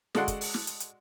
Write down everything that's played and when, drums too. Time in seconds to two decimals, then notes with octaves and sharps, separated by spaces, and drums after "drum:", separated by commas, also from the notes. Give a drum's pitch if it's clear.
0.15 G#3 F#4 A4 D5 F#5 C6, drum: snare
0.28 drum: kick, hi-hat
0.41 drum: open hi-hat
0.54 drum: snare
0.67 drum: hi-hat
0.80 drum: hi-hat